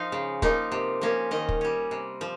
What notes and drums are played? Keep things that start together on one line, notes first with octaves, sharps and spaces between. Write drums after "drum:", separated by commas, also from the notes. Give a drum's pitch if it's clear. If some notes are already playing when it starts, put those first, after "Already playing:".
Already playing: F3 D#4 F5
C#3
F3 A#3 D#4, drum: kick
C3
F3 A#3 C#4
D#3 D#5
drum: kick
G3 C#4
C3
F3